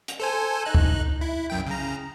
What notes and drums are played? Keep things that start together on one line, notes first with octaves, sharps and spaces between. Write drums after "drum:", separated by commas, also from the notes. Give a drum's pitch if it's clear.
drum: hi-hat
A4 C5 G#5
D#4 F#6
drum: kick
E4
C2 F#2 G5
C#3 A#5